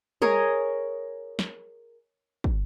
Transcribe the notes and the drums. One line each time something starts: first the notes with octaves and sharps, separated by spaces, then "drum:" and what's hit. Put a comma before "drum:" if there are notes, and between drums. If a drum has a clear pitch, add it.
G#4 A#4 C#5 D#5, drum: tom G3
drum: snare
drum: kick